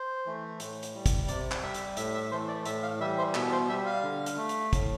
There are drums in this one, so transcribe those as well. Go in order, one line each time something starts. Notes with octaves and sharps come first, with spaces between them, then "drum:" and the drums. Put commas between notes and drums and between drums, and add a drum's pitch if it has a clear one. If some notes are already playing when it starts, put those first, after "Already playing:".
Already playing: C5
E3 A3
A2, drum: hi-hat
drum: hi-hat
G3
drum: kick, hi-hat
C3 D5, drum: hi-hat
drum: clap
G3 E5
drum: hi-hat
A2 E5, drum: hi-hat
E5
E3 A3 C5
D5
A2 E5, drum: hi-hat
F5
E3 G3 E5
C5
B2 E5, drum: clap
C5
G3 E5
F5
D3
drum: hi-hat
A3
drum: hi-hat
A2, drum: kick, hi-hat